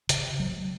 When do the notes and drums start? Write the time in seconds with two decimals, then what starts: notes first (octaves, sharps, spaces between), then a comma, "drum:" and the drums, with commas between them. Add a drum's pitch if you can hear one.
0.09 C#3, drum: hi-hat
0.40 F#3